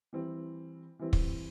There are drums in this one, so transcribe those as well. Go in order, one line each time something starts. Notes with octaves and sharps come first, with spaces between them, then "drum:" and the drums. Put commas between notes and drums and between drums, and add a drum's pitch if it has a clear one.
E3 G3 C4 E4
E3 G3 C4 E4
drum: kick